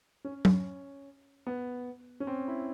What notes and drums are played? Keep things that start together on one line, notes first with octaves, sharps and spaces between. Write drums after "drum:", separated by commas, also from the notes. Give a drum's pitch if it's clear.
C#4
C#4, drum: tom F#3
B3
C#4
C4
E4